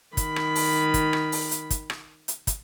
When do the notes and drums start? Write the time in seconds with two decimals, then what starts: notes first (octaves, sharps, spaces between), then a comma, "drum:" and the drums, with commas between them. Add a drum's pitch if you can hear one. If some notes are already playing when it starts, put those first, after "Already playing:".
0.17 D#3 B5, drum: kick, hi-hat
0.36 drum: rim click
0.55 drum: open hi-hat
0.94 drum: kick, hi-hat
1.13 drum: rim click
1.32 drum: open hi-hat
1.51 drum: hi-hat
1.70 drum: kick, hi-hat
1.90 drum: rim click
2.28 drum: hi-hat
2.47 drum: kick, hi-hat